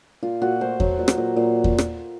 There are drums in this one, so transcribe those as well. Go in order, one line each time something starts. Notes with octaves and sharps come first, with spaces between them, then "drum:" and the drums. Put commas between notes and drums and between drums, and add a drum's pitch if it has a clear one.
A#2 F4
A#2 F#4
A3 C5
F#3, drum: kick E2
A#2
drum: rim click
A#2
A#2
drum: kick E2
drum: rim click